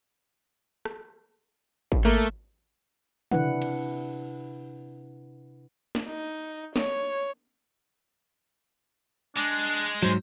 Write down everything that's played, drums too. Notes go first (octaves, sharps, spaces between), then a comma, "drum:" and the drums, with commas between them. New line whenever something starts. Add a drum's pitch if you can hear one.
drum: rim click
drum: kick G#1
A3 A#3
C3 D4 E4 B4 F#5, drum: tom
drum: cymbal
drum: snare
D#4
C#5, drum: snare
G#3 D4
G#2 F#3 C5